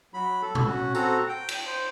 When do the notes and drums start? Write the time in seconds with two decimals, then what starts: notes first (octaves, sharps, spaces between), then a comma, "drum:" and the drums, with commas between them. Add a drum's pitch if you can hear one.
0.14 F#3 B5
0.42 A4
0.55 drum: tom A#2
0.67 C#4 F#4
0.95 C4 F#4 A4 A#5, drum: tambourine
1.29 G5
1.49 drum: cymbal
1.67 C5